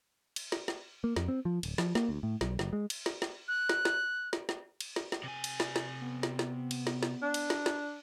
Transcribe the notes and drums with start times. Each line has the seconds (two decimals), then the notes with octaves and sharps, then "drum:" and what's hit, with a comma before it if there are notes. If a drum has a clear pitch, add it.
0.36 drum: cymbal
0.52 drum: snare
0.68 drum: snare
1.04 A#3
1.16 F2, drum: snare
1.28 C4
1.45 F3
1.63 D1, drum: cymbal
1.78 F3, drum: snare
1.95 A#3, drum: snare
2.09 D2
2.23 A2
2.41 B1, drum: snare
2.59 F#1, drum: snare
2.73 G#3
2.90 drum: cymbal
3.06 drum: snare
3.22 drum: snare
3.48 F#6
3.69 drum: snare
3.85 drum: snare
4.33 drum: snare
4.49 drum: snare
4.80 drum: cymbal
4.96 drum: snare
5.12 drum: snare
5.24 C3 G#5
5.44 drum: cymbal
5.60 drum: snare
5.76 drum: snare
6.02 B3
6.23 drum: snare
6.39 drum: snare
6.71 drum: cymbal
6.87 drum: snare
7.03 drum: snare
7.22 D4
7.34 drum: cymbal
7.50 drum: snare
7.66 drum: snare